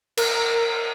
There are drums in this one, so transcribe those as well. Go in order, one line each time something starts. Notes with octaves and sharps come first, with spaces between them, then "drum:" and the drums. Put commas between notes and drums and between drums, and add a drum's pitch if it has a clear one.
A#4, drum: cymbal